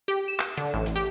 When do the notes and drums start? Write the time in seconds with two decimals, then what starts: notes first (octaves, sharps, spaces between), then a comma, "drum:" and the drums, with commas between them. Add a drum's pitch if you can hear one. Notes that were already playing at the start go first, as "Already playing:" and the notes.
0.08 G4
0.28 E7
0.39 drum: clap
0.57 D3, drum: hi-hat
0.74 A1
0.86 drum: hi-hat
0.96 G4